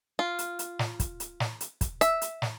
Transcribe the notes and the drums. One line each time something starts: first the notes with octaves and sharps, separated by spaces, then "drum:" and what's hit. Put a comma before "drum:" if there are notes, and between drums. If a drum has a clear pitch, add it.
F4
drum: hi-hat
drum: hi-hat
drum: snare
drum: kick, hi-hat
drum: hi-hat
drum: snare
drum: hi-hat
drum: kick, hi-hat
E5, drum: hi-hat
drum: hi-hat
drum: snare